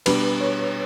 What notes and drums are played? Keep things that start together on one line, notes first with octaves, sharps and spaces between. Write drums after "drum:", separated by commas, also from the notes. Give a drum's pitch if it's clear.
B2 G3 D4 B4, drum: cymbal
C#5